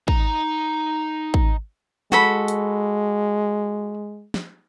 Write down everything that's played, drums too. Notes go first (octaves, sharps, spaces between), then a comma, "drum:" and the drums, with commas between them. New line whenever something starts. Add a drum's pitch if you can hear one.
D#4 A#5, drum: kick
drum: kick
G#3 F#4 A4 B5, drum: snare
drum: hi-hat
drum: snare